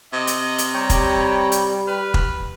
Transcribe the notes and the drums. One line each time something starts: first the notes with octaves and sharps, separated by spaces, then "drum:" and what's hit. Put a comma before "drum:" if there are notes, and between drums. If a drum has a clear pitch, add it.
C3 D#5
drum: hi-hat
drum: hi-hat
G3 G4 C#5 G5 A#5
drum: kick, hi-hat
drum: hi-hat
B4 F6
drum: kick